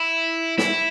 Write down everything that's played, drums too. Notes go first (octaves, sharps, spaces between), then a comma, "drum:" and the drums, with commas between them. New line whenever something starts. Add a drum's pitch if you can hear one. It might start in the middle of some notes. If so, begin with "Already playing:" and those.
Already playing: E4
E4, drum: snare